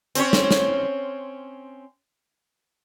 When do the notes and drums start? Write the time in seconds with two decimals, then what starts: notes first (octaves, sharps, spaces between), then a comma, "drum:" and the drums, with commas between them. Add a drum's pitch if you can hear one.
0.15 C4 C#4 C#5, drum: hi-hat
0.33 drum: snare
0.51 drum: snare